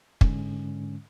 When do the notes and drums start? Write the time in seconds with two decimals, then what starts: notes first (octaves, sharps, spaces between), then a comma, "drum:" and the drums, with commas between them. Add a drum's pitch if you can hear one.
0.21 G#2 D3 G#3 C#4, drum: kick